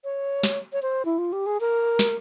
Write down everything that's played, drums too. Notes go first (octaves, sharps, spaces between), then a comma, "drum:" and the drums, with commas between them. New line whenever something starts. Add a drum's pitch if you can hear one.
C#5
drum: snare
C#5
C5
E4
F4
G4
G#4
A#4
drum: snare